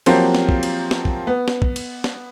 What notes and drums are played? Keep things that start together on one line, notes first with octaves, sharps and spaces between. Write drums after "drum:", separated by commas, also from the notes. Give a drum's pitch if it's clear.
F3 F#3 A#3 C4 F4 G4, drum: cymbal
drum: snare
drum: kick
drum: cymbal
drum: snare
drum: kick
B3
drum: snare
drum: kick
drum: cymbal
drum: snare